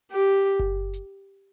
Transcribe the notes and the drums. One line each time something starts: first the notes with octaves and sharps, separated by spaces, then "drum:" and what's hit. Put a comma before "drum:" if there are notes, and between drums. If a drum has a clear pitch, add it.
G4
drum: kick F#1
drum: hi-hat